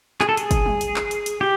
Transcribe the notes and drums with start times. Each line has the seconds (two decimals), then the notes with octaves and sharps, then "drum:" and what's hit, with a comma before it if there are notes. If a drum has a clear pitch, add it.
0.21 G#4, drum: clap
0.29 A4
0.37 G#4, drum: hi-hat
0.51 drum: kick, hi-hat
0.66 drum: tom G3
0.81 drum: hi-hat
0.96 drum: clap
1.11 drum: hi-hat
1.26 drum: hi-hat
1.41 G4